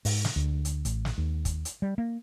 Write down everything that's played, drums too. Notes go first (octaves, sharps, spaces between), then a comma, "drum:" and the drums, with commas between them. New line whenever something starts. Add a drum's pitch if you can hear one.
G#2, drum: open hi-hat
drum: snare
D2
drum: hi-hat
A1, drum: hi-hat
drum: snare
D#2
drum: kick, hi-hat
drum: hi-hat
G3
A#3